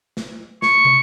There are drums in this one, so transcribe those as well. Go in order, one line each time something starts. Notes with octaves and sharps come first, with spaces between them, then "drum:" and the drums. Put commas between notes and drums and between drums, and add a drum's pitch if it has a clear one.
drum: snare
C#6, drum: snare
drum: tom